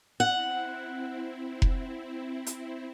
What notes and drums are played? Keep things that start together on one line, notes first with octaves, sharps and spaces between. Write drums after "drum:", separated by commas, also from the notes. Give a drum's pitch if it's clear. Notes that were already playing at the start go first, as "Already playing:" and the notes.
C4 E4 F#5
drum: kick F1
drum: hi-hat